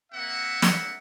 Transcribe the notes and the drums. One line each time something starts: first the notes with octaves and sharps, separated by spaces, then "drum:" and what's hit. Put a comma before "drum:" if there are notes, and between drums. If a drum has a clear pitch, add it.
A#3 C4 E5 F#5
drum: snare